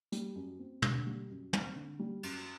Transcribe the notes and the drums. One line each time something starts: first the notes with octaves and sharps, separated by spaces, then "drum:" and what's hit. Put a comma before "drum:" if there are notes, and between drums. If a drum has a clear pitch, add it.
G3, drum: hi-hat
F#2
C4
D3, drum: tom
G3
F#2
C4, drum: tom
D3
G3
F#2, drum: cymbal